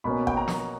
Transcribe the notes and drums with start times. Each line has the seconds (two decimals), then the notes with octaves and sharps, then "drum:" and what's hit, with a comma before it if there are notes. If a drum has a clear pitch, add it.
0.04 B2 A#3 C#4 B5
0.27 G5, drum: kick G#1
0.37 A#5
0.48 drum: snare